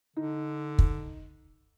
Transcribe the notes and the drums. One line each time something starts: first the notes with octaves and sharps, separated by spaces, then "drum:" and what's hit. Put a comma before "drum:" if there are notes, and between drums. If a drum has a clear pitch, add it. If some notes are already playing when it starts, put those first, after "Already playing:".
D3 D#4
drum: kick